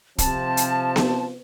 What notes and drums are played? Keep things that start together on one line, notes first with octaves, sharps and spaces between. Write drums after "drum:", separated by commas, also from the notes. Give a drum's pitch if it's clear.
C3 F3 C4 A5, drum: kick, hi-hat
drum: hi-hat
drum: snare B3